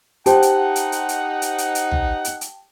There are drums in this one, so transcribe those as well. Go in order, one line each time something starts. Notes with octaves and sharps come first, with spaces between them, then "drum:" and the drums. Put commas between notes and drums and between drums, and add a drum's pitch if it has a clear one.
D#4 G4 C5 F#5 G5 A5, drum: hi-hat
drum: hi-hat
drum: hi-hat
drum: hi-hat
drum: hi-hat
drum: hi-hat
drum: hi-hat
drum: hi-hat
drum: tom
drum: hi-hat
drum: hi-hat